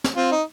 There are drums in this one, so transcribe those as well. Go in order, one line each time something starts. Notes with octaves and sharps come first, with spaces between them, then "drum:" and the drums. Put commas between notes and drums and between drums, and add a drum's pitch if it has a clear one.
drum: snare
C4 F4
D#4